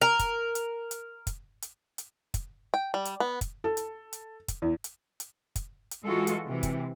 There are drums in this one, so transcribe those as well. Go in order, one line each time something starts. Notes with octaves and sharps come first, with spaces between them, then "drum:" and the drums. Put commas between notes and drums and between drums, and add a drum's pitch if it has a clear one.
A#4
drum: kick, hi-hat
drum: hi-hat
drum: hi-hat
drum: kick, hi-hat
drum: hi-hat
drum: hi-hat
drum: kick, hi-hat
G5
G3
drum: hi-hat
B3
drum: kick, hi-hat
A4
drum: hi-hat
drum: hi-hat
drum: kick, hi-hat
E2
drum: hi-hat
drum: hi-hat
drum: kick, hi-hat
drum: hi-hat
E3 G#3 F4 F#4 A4
drum: hi-hat
C3 E3
drum: kick, hi-hat